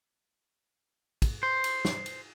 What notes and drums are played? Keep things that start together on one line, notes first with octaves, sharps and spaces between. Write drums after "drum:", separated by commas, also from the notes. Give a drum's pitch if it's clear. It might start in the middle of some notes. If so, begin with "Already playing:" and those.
drum: kick, cymbal
C5
drum: cymbal
drum: snare
drum: cymbal